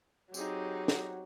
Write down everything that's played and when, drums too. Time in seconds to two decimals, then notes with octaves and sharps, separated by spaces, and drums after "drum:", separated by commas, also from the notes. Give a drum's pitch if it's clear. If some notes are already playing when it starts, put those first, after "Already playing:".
0.34 F#3 C4 D#4 G4 G#4, drum: tambourine
0.88 drum: snare